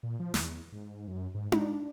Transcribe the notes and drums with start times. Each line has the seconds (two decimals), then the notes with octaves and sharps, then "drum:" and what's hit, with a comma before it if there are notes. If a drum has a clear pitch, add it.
0.03 A#2
0.20 F3
0.34 E2, drum: snare
0.73 G#2
1.07 F#2
1.34 G#2
1.52 D4, drum: tom D#4